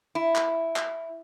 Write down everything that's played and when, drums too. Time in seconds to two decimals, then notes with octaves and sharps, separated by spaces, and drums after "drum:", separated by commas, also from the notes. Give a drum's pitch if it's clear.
0.15 E4
0.36 drum: clap
0.76 drum: clap